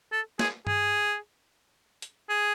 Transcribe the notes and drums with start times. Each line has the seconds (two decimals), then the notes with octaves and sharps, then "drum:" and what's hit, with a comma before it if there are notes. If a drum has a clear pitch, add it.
0.12 A4
0.39 G#4, drum: snare
0.67 G#4, drum: tom G2
2.02 drum: hi-hat
2.29 G#4